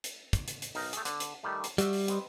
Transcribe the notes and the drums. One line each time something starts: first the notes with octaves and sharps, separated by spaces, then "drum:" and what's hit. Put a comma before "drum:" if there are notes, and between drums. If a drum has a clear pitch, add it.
drum: hi-hat
drum: kick, hi-hat
drum: hi-hat
drum: hi-hat
B1 D#4 A#4, drum: open hi-hat
A3 G#4, drum: hi-hat
D3, drum: hi-hat
drum: hi-hat
D#3 G3 A3
drum: hi-hat
G3 F#4 E5, drum: hi-hat
drum: open hi-hat
C4 B4 D#5, drum: hi-hat